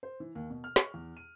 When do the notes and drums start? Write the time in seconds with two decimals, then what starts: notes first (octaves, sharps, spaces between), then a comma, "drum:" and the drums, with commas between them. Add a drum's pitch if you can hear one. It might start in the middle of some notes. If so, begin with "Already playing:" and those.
0.03 C5
0.20 E3
0.35 D#2
0.50 B2
0.64 F6
0.76 C#6, drum: snare
0.94 E2
1.17 D#7